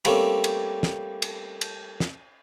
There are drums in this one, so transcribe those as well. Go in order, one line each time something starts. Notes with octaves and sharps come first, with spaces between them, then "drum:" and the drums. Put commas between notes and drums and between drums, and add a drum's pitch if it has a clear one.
G3 A3 A#3 C4 C#4, drum: cymbal
drum: cymbal
drum: snare
drum: cymbal
drum: cymbal
drum: snare